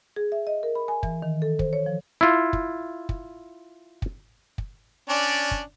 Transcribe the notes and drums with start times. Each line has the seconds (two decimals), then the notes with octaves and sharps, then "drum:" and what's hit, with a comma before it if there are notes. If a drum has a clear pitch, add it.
0.16 G#4
0.32 E5
0.47 D#5
0.63 A#4
0.75 B5
0.88 G#5
1.03 E3, drum: kick
1.22 D#3
1.42 A4
1.59 C5, drum: kick
1.73 C#5
1.86 F3
2.21 E4 F4
2.53 drum: kick
3.09 drum: kick
4.02 drum: kick
4.58 drum: kick
5.09 C#4 D4 D5
5.51 drum: kick